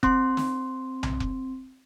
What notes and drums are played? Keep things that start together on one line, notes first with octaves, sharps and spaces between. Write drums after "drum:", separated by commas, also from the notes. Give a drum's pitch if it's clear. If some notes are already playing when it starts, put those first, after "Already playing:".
C4 C6, drum: kick F1
drum: snare
drum: tom B1
drum: kick F1